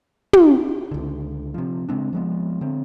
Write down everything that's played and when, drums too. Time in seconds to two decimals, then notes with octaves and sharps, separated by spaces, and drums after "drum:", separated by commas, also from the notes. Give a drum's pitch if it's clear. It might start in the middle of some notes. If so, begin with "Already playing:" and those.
0.33 drum: tom
0.91 C#2 D3
1.54 C3 F3
1.89 C#3 G#3 C4 D4
2.13 F3 G#3 B3
2.61 D3 C4